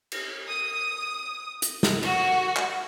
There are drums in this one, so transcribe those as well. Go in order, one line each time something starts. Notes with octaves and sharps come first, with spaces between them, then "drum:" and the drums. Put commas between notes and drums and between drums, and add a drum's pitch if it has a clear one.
drum: cymbal
D#6
drum: hi-hat
drum: snare
F#4, drum: cymbal
drum: clap